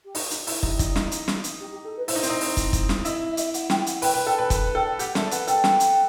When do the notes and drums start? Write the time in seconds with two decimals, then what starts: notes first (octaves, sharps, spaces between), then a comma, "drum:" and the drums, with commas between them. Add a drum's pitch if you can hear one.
0.04 G4
0.15 D#4 F#4, drum: open hi-hat
0.31 D#4, drum: hi-hat
0.47 E4, drum: open hi-hat
0.63 D#4 G4, drum: kick
0.79 D#4, drum: kick, hi-hat
0.96 D#4, drum: snare
1.11 drum: hi-hat
1.28 drum: snare
1.44 drum: hi-hat
1.60 G4
1.72 G4
1.84 A4
1.96 B4
2.08 E4 C5, drum: open hi-hat
2.16 D#4
2.23 C4, drum: hi-hat
2.30 D#4
2.41 drum: open hi-hat
2.57 drum: kick, hi-hat
2.73 drum: kick, hi-hat
2.89 drum: snare
3.05 E4 D#5, drum: hi-hat
3.30 E5
3.37 D#5, drum: hi-hat
3.44 E5
3.54 F#5, drum: hi-hat
3.70 G5, drum: snare
3.86 F#5, drum: hi-hat
4.02 B4 G5, drum: open hi-hat
4.14 B4
4.27 A4 G5
4.39 B4
4.50 B4, drum: kick, hi-hat
4.75 A4 G5
4.99 G4 F#5, drum: hi-hat
5.15 A4 E5, drum: snare
5.31 B4 F#5, drum: hi-hat
5.47 A4 G5, drum: hi-hat
5.64 drum: snare
5.80 drum: hi-hat